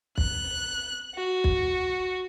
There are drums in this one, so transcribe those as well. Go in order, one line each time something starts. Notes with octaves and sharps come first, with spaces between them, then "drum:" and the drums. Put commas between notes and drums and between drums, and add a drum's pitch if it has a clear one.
F#6, drum: kick
F#4
drum: kick